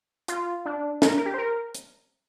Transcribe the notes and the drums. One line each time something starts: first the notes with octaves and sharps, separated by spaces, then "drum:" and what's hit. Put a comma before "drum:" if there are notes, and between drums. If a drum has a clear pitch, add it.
F4, drum: hi-hat
D4
A#4, drum: snare
A#4
G4
C5
A#4
drum: hi-hat